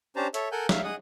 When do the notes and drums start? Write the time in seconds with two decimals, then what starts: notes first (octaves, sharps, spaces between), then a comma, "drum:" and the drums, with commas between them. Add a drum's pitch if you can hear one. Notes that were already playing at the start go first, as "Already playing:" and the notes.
0.16 C#4 D4 G4 C5 A5 A#5
0.34 A4 C#5 E5, drum: hi-hat
0.52 A4 A#4 F#5 G#5 G6
0.69 E5 F5, drum: snare
0.84 G#4 D#5 F#5 D#6